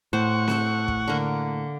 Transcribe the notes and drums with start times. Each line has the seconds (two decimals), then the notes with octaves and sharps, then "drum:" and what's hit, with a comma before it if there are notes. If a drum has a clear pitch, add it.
0.13 A2 C5 F#5 C#6
0.48 A4 C5, drum: snare C4
0.88 drum: kick
1.08 D3 A#3